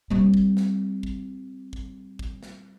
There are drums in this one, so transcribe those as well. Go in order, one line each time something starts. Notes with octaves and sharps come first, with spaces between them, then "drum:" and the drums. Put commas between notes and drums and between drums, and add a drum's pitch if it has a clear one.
G3 C4
drum: kick
drum: snare
drum: kick
drum: kick
drum: kick
drum: snare